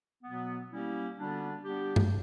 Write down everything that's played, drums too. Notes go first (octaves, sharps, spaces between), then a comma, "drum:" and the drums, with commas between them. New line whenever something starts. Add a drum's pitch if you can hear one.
B2 F#3 B3
G3 A#3 C#4 E4 G4
D3 G3 B3 D4 F#4
G3 B3 D4 G4
drum: tom G2